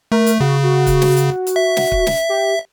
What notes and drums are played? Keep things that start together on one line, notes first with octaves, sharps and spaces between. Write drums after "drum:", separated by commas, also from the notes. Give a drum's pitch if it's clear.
A3 A#4
drum: hi-hat
C#3 F#4
F#4
drum: kick, hi-hat
drum: snare
drum: hi-hat
drum: hi-hat
E5
drum: snare
drum: kick
drum: snare
G4